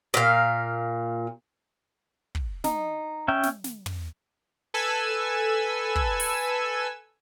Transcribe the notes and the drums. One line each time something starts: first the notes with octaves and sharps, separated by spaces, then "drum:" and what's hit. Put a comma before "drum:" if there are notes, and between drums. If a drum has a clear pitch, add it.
A#2 F5
drum: kick
D#4, drum: snare
C#4 E5 G5
drum: snare
drum: snare
drum: tom
A4 B4 G#5 E6
drum: kick
drum: open hi-hat